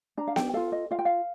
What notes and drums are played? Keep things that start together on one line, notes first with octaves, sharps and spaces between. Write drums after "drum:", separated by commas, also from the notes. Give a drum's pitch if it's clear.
D4 A#5
F5
G5, drum: snare B3
F4 A4 F5
D#5
F4 F5
G5
F5